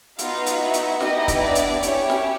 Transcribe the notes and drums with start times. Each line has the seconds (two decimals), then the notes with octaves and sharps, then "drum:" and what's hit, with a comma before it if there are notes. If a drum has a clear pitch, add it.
0.19 B3 D#4 F4 F#4 F5, drum: hi-hat
0.46 drum: hi-hat
0.60 E4 E5
0.74 drum: hi-hat
1.00 B3 D#4 E4 G4 D#5, drum: snare
1.28 drum: kick, hi-hat
1.41 D4 D5
1.55 drum: hi-hat
1.83 C#4 E4 G4 C#5, drum: hi-hat
2.10 drum: snare